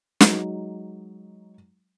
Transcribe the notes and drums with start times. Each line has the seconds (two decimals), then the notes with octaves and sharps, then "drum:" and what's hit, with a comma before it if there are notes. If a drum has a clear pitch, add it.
0.21 F#3 G#3 D#4, drum: snare